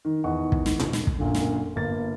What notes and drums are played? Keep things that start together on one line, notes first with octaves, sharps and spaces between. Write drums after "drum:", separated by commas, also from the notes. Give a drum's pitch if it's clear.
D#3
E2 D#3 D#5 F#5 C#6
drum: kick
drum: snare
drum: tom A#2
drum: snare
drum: kick
F#2 A#2 D3
drum: snare
G1 A#3 A#4 A6